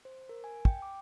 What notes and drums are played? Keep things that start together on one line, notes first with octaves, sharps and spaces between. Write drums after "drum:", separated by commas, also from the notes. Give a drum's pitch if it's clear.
C5
A#4
G#5
G5, drum: kick
D6